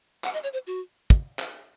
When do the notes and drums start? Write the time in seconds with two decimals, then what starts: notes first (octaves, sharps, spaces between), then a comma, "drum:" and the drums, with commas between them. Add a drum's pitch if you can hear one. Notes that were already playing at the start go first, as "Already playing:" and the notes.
0.24 F#5, drum: clap
0.34 D#5
0.43 C#5
0.53 C5
0.67 F#4
1.10 drum: kick
1.39 drum: clap